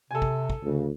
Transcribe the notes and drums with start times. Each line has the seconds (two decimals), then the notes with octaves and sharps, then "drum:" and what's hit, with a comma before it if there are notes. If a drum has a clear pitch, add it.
0.11 C3 A4 G#5
0.22 drum: kick
0.50 drum: kick
0.64 D2 C#3